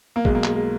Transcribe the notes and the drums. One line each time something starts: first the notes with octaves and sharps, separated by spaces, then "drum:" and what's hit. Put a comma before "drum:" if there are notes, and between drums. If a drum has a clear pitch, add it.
A#3
B1 B2 G#3, drum: kick
A#3
G#3, drum: clap
G#3